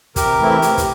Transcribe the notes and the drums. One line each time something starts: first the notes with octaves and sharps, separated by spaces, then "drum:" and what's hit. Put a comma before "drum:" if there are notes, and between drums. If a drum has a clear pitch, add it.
C3 G4 A#4, drum: kick, hi-hat
E3 A3 C4 E4
C3, drum: hi-hat
drum: kick, hi-hat